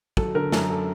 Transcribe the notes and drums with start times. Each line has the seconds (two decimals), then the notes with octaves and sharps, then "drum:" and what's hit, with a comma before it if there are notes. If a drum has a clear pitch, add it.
0.17 F#3 A4, drum: kick
0.35 D3 A#4
0.52 F#2 A4, drum: snare
0.70 A4